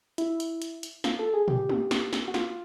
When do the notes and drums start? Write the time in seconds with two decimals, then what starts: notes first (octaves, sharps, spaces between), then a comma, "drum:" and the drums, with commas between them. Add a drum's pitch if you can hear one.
0.18 E4, drum: hi-hat
0.40 drum: hi-hat
0.62 drum: hi-hat
0.83 drum: hi-hat
1.04 F4, drum: snare
1.19 A4
1.34 G#4
1.48 G4, drum: tom
1.69 drum: tom
1.91 drum: snare
2.13 drum: snare
2.28 F#4
2.34 F4, drum: snare